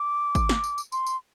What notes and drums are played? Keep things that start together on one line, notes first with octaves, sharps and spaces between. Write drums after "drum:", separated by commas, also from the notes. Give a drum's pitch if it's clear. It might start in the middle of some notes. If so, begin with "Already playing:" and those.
Already playing: D6
drum: kick, tambourine
drum: snare
drum: tambourine
drum: tambourine
C6, drum: tambourine
drum: tambourine